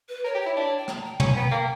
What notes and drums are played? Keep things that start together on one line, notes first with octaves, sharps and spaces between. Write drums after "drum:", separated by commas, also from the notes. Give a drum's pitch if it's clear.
B4
A#4 C#5
G4
C#5
E4
D4
G5
A#5, drum: rim click
G5
C#4 A#5, drum: tom
B3 G5
A#3